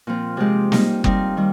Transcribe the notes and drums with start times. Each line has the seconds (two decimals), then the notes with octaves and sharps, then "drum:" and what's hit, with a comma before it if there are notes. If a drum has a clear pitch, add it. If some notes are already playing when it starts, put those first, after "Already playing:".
0.07 A#2 F3 C4 F4
0.37 C3 F3 G#3 C4 G4
0.72 G3 A#3 D#4, drum: snare
1.04 G3 C4 D#4 A#4 F5, drum: kick F#1
1.37 D#3 G3